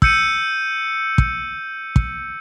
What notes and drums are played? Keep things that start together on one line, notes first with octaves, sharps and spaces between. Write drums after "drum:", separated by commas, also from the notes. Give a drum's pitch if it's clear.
E6 G6 C#7 D#7, drum: kick
drum: kick
drum: kick